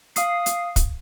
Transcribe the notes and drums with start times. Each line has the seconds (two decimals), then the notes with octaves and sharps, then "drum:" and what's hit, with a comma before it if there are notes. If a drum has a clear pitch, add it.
0.16 F5 D#6 C7, drum: hi-hat
0.46 drum: hi-hat
0.76 drum: kick, hi-hat